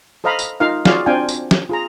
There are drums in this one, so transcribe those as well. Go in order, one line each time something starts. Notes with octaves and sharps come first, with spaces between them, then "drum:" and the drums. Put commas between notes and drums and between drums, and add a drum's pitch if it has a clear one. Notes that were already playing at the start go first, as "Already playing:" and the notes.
A4 C5 D#5 F5 A#5 B5
drum: tambourine
D#4 F4 A#4 F5
F4 F#4 G#4 D5 F5, drum: snare
C4 D4 F4 F5 G5 G#5
drum: tambourine
drum: snare
F4 G#4 A#5